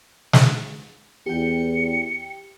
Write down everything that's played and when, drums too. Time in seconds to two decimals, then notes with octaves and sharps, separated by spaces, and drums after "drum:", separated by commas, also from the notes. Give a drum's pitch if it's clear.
0.33 drum: snare
1.26 E2 G4 G5 C#7